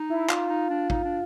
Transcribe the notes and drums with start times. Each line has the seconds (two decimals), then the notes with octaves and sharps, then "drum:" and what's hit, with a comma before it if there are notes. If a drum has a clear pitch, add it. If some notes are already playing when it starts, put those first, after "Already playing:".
Already playing: D#4
0.10 E4
0.29 D#4 F4, drum: clap
0.49 D#4
0.70 D4
0.90 D#4, drum: kick
1.04 D4